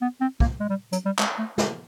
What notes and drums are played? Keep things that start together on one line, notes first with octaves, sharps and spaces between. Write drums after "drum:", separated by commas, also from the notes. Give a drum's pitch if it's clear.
B3
C4
A#3, drum: kick
G#3
G3
F#3, drum: hi-hat
G3
G#3, drum: clap
A3
G#3, drum: snare